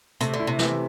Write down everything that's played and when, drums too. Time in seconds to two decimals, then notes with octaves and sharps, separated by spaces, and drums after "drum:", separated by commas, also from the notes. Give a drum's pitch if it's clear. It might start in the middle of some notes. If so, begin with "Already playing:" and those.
0.21 C3 A3, drum: hi-hat
0.34 D3
0.39 E4
0.47 C3
0.59 E3, drum: snare